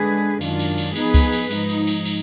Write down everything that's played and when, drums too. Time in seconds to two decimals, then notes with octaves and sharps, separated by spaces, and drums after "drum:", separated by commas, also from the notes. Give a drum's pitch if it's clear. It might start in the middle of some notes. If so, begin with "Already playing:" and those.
Already playing: D3 G#3 D4 G#4 B4
0.41 F#2 D#3 G#3 D4 F4, drum: cymbal
0.59 drum: cymbal
0.78 drum: cymbal
0.96 F3 B3 D#4 G#4 B4, drum: cymbal
1.14 drum: kick C#2, cymbal
1.32 drum: cymbal
1.51 G#2 F3 G#3 D#4, drum: cymbal
1.69 drum: cymbal
1.87 drum: cymbal
2.05 drum: cymbal